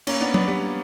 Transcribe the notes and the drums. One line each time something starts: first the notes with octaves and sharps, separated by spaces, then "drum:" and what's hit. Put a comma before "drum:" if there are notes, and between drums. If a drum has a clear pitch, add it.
A#3 C#4, drum: cymbal
B3 D4
B3 D4, drum: tom F#3
G3 B3